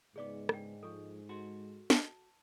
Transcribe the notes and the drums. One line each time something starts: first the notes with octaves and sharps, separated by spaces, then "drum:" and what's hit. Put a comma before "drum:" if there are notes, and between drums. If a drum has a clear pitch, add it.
C#2 G#2 G#3 B3 G#4 D5 D6
D4 G5, drum: rim click
F3 A4 C#6
F#4 A4 C6
A5, drum: snare